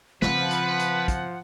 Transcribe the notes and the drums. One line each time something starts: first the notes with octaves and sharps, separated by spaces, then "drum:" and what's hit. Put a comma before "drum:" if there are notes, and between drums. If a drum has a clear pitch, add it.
C#3 F3 C4 B4 F#5, drum: snare
drum: hi-hat
drum: hi-hat
drum: kick, hi-hat